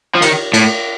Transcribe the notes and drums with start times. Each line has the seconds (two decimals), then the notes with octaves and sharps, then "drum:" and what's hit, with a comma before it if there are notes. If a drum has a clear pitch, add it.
0.15 F3
0.22 D#3, drum: cymbal
0.54 A2, drum: cymbal